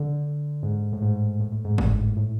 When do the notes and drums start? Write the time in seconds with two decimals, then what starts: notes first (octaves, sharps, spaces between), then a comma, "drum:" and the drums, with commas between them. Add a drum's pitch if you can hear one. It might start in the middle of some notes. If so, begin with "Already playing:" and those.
Already playing: D3
0.63 G#2
0.92 A2
1.02 G#2
1.40 A2
1.52 A2
1.65 G#2
1.78 A2, drum: kick
2.17 A2